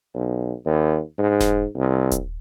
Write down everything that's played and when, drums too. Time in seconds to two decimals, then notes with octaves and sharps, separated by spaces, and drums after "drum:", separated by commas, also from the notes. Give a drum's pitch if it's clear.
0.15 B1
0.66 D#2
1.19 G#2
1.41 drum: snare E1
1.76 C2
2.11 drum: kick D#1, hi-hat